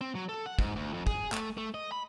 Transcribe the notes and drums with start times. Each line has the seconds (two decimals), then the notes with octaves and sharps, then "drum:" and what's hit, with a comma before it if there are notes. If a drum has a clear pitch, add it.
0.01 C4
0.15 F#3
0.29 A4
0.46 F#5
0.59 G#2, drum: kick
0.76 D2
0.94 F2
1.07 G#4, drum: kick
1.32 A3, drum: clap
1.57 A3
1.74 D#5
1.92 B5